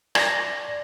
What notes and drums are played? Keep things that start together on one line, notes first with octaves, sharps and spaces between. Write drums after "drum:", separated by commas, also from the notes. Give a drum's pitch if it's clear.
D5 A#6, drum: rim click